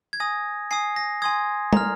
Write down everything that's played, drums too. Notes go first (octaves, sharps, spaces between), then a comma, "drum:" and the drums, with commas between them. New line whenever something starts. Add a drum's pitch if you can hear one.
G#6
G#5 D#6 A#6
G#5 D#6 C7
A#6
G#5 C6 D#6 G#6
A#5 F6, drum: tom